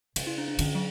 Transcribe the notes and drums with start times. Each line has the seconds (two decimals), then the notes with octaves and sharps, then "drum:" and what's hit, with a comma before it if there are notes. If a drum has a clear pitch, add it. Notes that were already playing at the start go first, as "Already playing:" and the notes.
0.16 C#3, drum: cymbal
0.27 E4
0.38 D4
0.48 D4
0.59 D3 C#4, drum: cymbal
0.75 F#3